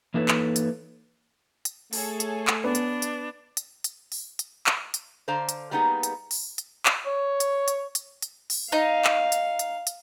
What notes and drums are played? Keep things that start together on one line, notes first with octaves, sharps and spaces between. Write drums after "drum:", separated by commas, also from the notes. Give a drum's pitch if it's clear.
E3 A#3 D#4 A4 B4 C#5
drum: clap
drum: hi-hat
drum: hi-hat
A3 G#4 A4 C#5, drum: open hi-hat
drum: hi-hat
drum: clap
B3 D4
drum: hi-hat
drum: hi-hat
drum: hi-hat
drum: hi-hat
drum: open hi-hat
drum: hi-hat
drum: clap
drum: hi-hat
D3 C5 D5 F5 A#5
drum: hi-hat
G3 A#3 B3 D#4 F#4 G#4
drum: hi-hat
drum: open hi-hat
drum: hi-hat
drum: clap
C#5
drum: hi-hat
drum: hi-hat
drum: hi-hat
drum: hi-hat
drum: open hi-hat
D#4 F5
drum: clap
drum: hi-hat
drum: hi-hat
drum: hi-hat